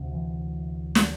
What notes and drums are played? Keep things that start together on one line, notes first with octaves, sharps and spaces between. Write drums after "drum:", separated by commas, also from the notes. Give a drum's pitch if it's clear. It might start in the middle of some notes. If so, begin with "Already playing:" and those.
Already playing: D2 C3
E3
drum: snare